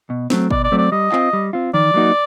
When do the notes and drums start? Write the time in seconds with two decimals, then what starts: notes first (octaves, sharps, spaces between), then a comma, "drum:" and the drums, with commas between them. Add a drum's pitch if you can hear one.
0.10 B2
0.30 F#3 A3 C4, drum: snare
0.51 B2 D5, drum: kick
0.64 D5
0.72 F#3 A3 C4
0.78 D5
0.92 G3 D#5
1.12 C4 F4, drum: clap
1.33 G3
1.53 C4 F4
1.74 D#3 D5, drum: tom E3
1.94 F#3 A#3 D#4 F#4